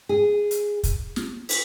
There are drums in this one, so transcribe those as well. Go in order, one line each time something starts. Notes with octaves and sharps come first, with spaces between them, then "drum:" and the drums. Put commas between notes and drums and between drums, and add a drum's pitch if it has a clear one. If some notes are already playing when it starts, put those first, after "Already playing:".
G#4
drum: hi-hat
drum: kick, hi-hat
drum: snare
drum: open hi-hat